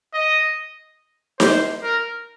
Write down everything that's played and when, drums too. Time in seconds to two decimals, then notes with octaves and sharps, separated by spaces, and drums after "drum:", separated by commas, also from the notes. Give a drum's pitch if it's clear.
0.14 D#5
1.40 C5, drum: snare D#4
1.83 A#4